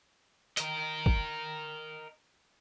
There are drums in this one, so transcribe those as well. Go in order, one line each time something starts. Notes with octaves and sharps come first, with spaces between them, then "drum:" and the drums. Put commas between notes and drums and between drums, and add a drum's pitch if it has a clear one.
A#4 D#5, drum: hi-hat
drum: kick